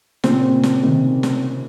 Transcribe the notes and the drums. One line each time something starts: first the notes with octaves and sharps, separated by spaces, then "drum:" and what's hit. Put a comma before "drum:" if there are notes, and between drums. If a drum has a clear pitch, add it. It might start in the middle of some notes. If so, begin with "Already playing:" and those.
A#2 C#3 C4, drum: snare
drum: snare
C3 D#3
drum: snare